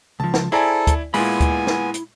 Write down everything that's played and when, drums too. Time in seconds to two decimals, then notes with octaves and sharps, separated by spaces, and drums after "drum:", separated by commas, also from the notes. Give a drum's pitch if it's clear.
0.20 C#2 F3 A5
0.34 drum: snare
0.52 E4 G#4 A4 C5 D5 G#5 A#5
0.87 drum: kick D2, hi-hat
1.14 A#2 G#3 B3 E4 F4 G#5 B5, drum: open hi-hat
1.40 drum: kick D2, hi-hat
1.67 drum: snare
1.94 drum: hi-hat